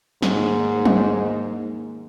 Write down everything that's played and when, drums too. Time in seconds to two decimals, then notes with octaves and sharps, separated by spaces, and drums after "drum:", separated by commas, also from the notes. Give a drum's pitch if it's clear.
0.22 D#2 G#2, drum: snare
0.85 drum: tom